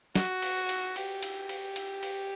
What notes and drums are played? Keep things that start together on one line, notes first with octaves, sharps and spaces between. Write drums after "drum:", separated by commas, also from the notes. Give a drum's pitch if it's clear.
F#4, drum: snare
drum: cymbal
drum: cymbal
G4, drum: cymbal
drum: cymbal
drum: cymbal
drum: cymbal
drum: cymbal